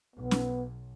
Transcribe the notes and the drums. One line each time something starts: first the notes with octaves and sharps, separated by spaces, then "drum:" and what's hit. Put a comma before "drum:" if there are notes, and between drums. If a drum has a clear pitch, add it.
B1 B3
drum: snare C#4